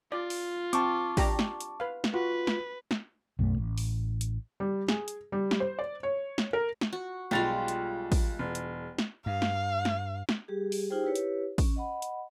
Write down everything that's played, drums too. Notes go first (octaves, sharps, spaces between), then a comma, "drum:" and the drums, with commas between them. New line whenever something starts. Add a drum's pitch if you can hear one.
F4 D5
drum: open hi-hat
C4 A5 C#6 D6, drum: hi-hat
D4 G4 A#5, drum: kick, open hi-hat
drum: snare
drum: hi-hat
B4 F5
drum: snare
F4 F#4 B4
drum: snare
drum: snare
B1 F#2 F#3 A3
A1
drum: open hi-hat
drum: hi-hat
G3
G#4, drum: snare
drum: hi-hat
G3
drum: snare
C5
D5
C#5
drum: snare
A#4
drum: snare
F#4
B1 G3 G#3 F4 A6 F7
drum: hi-hat
drum: kick, open hi-hat
E1
drum: hi-hat
drum: snare
G2 F5
drum: snare
drum: snare
drum: snare
G3 G4 G#4
drum: open hi-hat
D#4 F4 G4 G#4 C5 G5
E4 G4 B4 C#5
drum: hi-hat
C#4, drum: kick, open hi-hat
D#5 F#5 B5
drum: hi-hat